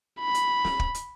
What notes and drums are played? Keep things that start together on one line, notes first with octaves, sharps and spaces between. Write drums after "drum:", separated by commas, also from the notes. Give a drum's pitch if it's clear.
B5
drum: hi-hat
drum: snare
drum: kick
drum: hi-hat